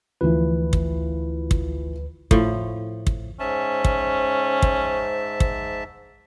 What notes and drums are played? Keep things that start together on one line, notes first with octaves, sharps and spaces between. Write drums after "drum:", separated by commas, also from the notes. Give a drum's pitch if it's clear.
D2 E3 F3 B4
drum: kick
drum: kick
A2 F3, drum: kick
drum: kick
G#2 C#4 C5 E5 A5
drum: kick
drum: kick
drum: kick